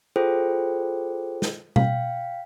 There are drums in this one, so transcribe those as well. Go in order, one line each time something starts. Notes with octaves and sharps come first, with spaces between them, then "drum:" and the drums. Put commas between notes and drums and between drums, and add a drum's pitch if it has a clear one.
F4 G#4 A4 C5 G5
drum: snare
F5 G5, drum: tom B2